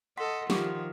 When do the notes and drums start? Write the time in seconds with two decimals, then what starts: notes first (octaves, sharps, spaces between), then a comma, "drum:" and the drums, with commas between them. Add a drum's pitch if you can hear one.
0.17 A4 D#5 F#5 C6 B6
0.50 D#3 F3 G4 C#6 D6, drum: snare